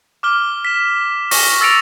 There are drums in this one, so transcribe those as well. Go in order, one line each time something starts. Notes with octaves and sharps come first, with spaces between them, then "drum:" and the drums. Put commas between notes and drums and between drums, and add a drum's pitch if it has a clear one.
D6 F6 G7
B6 E7
C#6 A#6, drum: open hi-hat
E6 A6 A#6 C#7 D7 F7